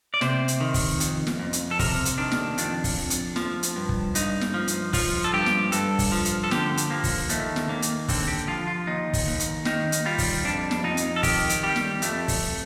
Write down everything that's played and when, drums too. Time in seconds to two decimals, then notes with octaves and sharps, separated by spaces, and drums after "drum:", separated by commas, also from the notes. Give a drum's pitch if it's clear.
0.14 D5
0.21 C3 C5, drum: snare
0.48 drum: hi-hat
0.60 D#3
0.74 drum: kick, open hi-hat
1.00 F2, drum: hi-hat
1.27 drum: snare
1.39 F2
1.53 drum: hi-hat
1.71 A4
1.79 C3 A#4, drum: kick, open hi-hat
2.05 drum: hi-hat
2.18 D#3 D4
2.32 drum: snare
2.58 F2 D4, drum: hi-hat
2.84 drum: kick, open hi-hat
2.98 F2
3.10 drum: hi-hat
3.36 F3, drum: snare
3.63 drum: hi-hat
3.76 G2
3.89 drum: kick
4.15 G2 D#4, drum: hi-hat
4.41 drum: snare
4.54 F3
4.68 drum: hi-hat
4.93 F3 F4, drum: kick, open hi-hat
5.24 A4
5.33 G2 G4
5.46 drum: snare
5.72 G2 A4, drum: hi-hat
5.99 drum: kick, open hi-hat
6.12 F3
6.25 drum: hi-hat
6.44 A4
6.51 D3 G4, drum: snare
6.77 drum: hi-hat
6.90 F3 A#3
7.04 drum: kick, open hi-hat
7.29 D#2 A3, drum: hi-hat
7.56 drum: snare
7.68 D#2 A#3
7.82 drum: hi-hat
8.08 D3 C4, drum: kick, open hi-hat
8.28 G4
8.47 F3 F4
8.67 F4
8.87 D#2 D#4
9.13 drum: kick, open hi-hat
9.27 D#2
9.40 drum: hi-hat
9.65 D#3 D#4, drum: snare
9.92 drum: hi-hat
10.06 G3 F4
10.18 drum: kick, open hi-hat
10.45 F2 D4
10.71 drum: snare
10.84 F2 D#4
10.97 drum: hi-hat
11.16 A4
11.23 D#3 G4, drum: kick, open hi-hat
11.49 drum: hi-hat
11.63 G3 G4
11.76 drum: snare
12.02 F2 A3, drum: hi-hat
12.28 drum: kick, open hi-hat